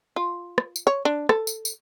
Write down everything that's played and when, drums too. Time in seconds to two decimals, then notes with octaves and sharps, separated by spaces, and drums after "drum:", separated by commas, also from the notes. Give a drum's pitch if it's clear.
0.16 F4
0.58 drum: rim click
0.76 drum: tambourine
0.87 C#5
1.05 D4
1.29 A4, drum: rim click
1.47 drum: tambourine
1.65 drum: tambourine